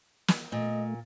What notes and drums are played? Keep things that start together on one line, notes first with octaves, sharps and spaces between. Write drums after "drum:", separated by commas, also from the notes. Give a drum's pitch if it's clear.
drum: snare
A#2 A3 D#5